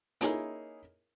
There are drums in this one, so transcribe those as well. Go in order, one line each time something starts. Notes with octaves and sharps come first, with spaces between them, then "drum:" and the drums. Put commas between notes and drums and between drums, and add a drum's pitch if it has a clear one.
A#3 C#4 D#4 E4 G#4 A#4, drum: hi-hat